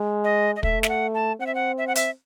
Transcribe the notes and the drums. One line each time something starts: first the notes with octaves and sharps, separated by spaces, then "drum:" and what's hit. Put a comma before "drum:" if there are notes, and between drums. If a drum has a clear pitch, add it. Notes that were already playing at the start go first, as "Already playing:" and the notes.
Already playing: G#3
D#5
D#5
A3 E5, drum: kick
E5, drum: snare
F#5
A5
C4 F#5
E5
F#5
E5
F#5
E5, drum: hi-hat